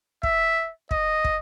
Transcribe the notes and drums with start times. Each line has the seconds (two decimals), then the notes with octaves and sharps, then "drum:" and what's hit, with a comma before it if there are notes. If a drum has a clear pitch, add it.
0.23 E5, drum: kick
0.91 D#5, drum: kick
1.25 drum: kick